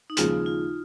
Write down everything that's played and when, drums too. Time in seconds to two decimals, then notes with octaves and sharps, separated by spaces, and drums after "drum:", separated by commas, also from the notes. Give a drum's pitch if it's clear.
0.10 D#4
0.17 D#2 C#3 F3 G#3 F4, drum: hi-hat
0.46 F4